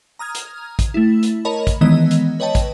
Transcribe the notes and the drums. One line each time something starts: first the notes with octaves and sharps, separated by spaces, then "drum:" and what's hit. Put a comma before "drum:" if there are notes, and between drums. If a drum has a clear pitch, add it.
A#5 D#6 F6 G#6
drum: hi-hat
drum: kick, hi-hat
A3 E4
drum: hi-hat
A#4 C#5 D#5 A5 B5
drum: kick, hi-hat
D#3 E3 G#3 B3 D#5 E6
drum: hi-hat
B4 C#5 D#5 G5 A5
drum: kick, hi-hat